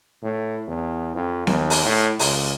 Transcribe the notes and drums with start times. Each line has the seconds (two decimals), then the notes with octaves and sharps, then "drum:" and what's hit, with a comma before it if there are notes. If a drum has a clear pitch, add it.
0.23 A2
0.67 E2
1.15 F2
1.47 D#2, drum: snare B3
1.70 drum: open hi-hat
1.86 A2
2.19 C#2, drum: open hi-hat